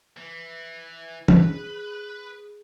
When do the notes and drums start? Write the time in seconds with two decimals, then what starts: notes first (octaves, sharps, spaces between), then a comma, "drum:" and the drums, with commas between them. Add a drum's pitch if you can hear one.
0.17 E3
1.28 G#4 B4, drum: tom